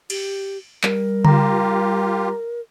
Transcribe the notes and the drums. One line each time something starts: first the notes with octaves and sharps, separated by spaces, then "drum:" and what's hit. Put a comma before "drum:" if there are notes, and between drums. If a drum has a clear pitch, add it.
G4, drum: cymbal
G3 A#4, drum: clap
F4 G4 A#5, drum: tom C#3